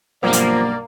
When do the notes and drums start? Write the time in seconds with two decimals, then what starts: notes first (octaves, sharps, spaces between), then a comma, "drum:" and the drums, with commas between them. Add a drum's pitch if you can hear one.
0.23 B1 G2 F3 A#3 A#4 D5
0.33 drum: hi-hat